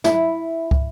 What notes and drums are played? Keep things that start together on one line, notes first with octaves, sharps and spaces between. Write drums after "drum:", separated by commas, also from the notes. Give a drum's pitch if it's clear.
E4, drum: snare
drum: kick